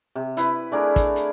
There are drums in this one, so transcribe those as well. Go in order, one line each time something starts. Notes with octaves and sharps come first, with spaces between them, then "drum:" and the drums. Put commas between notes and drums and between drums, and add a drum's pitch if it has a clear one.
C3
E4 B4, drum: hi-hat
A3 D4 G#4 A#4
drum: kick, hi-hat
drum: hi-hat